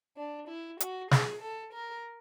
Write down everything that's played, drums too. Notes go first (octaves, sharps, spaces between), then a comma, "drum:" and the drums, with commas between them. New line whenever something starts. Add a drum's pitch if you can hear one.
D4
E4
F#4, drum: hi-hat
G#4, drum: snare
A4
A#4